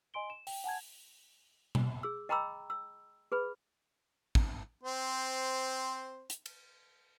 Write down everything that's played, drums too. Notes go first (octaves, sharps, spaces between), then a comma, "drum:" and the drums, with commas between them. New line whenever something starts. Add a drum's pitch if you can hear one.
D#5 G#5 C6 D7 G7
E7
G5, drum: open hi-hat
F#5 G#5 A5 G#6
drum: tom B2
G#4 E6
D#5 G5 A#5 B5 D6 E6
E6
G#4 B4 B5
drum: kick
C4 C5
drum: hi-hat
drum: cymbal